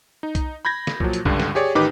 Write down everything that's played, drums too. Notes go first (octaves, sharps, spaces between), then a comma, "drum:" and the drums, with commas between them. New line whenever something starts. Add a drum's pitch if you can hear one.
D#4
drum: kick B1, hi-hat
B5 G6 G#6 A#6
drum: snare
A#2 F3 F#3, drum: kick B1
drum: hi-hat
C#2 G2 D3, drum: kick B1
drum: snare
G4 G#4 C#5 D5
A1 D#3 D#4 G4 B4 D6